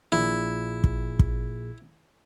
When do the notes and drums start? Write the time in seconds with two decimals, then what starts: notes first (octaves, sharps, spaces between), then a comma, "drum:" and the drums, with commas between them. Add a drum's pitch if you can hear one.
0.12 A#1 A#2 E4 G#4
0.84 drum: kick
1.19 drum: kick